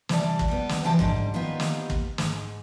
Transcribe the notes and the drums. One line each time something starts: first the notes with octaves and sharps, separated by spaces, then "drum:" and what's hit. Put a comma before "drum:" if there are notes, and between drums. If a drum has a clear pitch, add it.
C3 E3 G3 G#4 D5 A5, drum: snare
drum: kick
G3 B3
drum: snare
C3 E3 F3 G4 A5
G#2 D3 G3, drum: kick
D#3 A#3 B3 F4 G4 B4
drum: snare
drum: kick
G#2, drum: snare